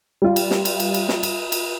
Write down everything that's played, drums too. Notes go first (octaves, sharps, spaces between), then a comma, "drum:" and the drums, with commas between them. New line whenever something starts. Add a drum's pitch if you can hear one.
G3 F4
drum: cymbal
drum: snare
drum: cymbal
drum: cymbal
drum: cymbal
drum: snare
drum: cymbal
drum: cymbal